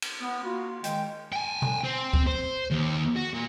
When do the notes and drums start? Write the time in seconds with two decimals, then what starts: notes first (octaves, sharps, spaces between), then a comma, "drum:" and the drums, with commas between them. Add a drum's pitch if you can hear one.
0.02 drum: cymbal
0.21 B3
0.44 A#3 F4 F#4
0.84 D#3 G#3 G5, drum: hi-hat
1.33 G5 G#5
1.62 drum: tom B2
1.84 C4
2.14 drum: kick C#2
2.26 C5
2.71 D#2
3.16 F#4
3.34 A#2